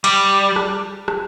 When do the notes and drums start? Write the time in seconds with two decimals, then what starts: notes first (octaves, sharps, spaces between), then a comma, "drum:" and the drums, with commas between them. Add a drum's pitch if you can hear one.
0.04 G3, drum: cymbal
0.56 drum: rim click
1.08 drum: rim click